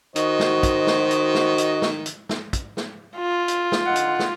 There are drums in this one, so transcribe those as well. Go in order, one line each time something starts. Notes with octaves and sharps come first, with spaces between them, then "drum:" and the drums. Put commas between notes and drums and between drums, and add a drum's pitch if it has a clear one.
D#3 F#4 C5 D#5, drum: hi-hat
drum: snare
drum: kick, hi-hat
drum: snare
drum: hi-hat
drum: snare
drum: hi-hat
drum: snare
drum: hi-hat
drum: snare
drum: kick, hi-hat
drum: snare
F4
drum: hi-hat
drum: snare
D3 D#4 F#5
drum: hi-hat
drum: snare